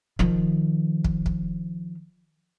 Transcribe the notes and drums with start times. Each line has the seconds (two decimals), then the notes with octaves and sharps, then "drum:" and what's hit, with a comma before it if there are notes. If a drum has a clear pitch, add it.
0.19 D#3 F3, drum: kick
1.04 drum: kick
1.26 drum: kick